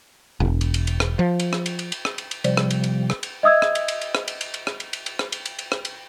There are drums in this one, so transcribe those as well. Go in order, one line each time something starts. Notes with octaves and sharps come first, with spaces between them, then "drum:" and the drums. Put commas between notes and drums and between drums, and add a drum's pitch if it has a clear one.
E1
drum: cymbal
drum: cymbal
drum: cymbal
drum: rim click
F3
drum: cymbal
drum: rim click
drum: cymbal
drum: cymbal
drum: cymbal
drum: rim click
drum: cymbal
drum: cymbal
C3 F3 G3, drum: cymbal
drum: rim click
drum: cymbal
drum: cymbal
drum: rim click
drum: cymbal
D#5 E5 D#6 E6 G#6
drum: rim click
drum: cymbal
drum: cymbal
drum: cymbal
drum: rim click
drum: cymbal
drum: cymbal
drum: cymbal
drum: rim click
drum: cymbal
drum: cymbal
drum: cymbal
drum: rim click
drum: cymbal
drum: cymbal
drum: cymbal
drum: rim click
drum: cymbal